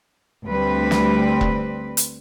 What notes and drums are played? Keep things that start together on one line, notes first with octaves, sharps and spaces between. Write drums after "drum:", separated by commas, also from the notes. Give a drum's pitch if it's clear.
D2 G3 C4 B4
drum: snare
drum: kick E1
drum: hi-hat